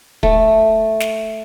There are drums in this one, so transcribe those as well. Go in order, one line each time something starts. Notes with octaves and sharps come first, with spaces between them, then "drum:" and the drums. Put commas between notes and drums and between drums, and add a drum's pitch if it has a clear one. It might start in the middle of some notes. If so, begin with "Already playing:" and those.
A3, drum: kick
drum: snare